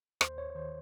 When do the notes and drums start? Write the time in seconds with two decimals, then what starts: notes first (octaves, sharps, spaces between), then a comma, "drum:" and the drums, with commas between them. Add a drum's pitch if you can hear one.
0.21 D#2 C5, drum: rim click
0.38 C#5
0.50 C#5
0.55 D#3 C5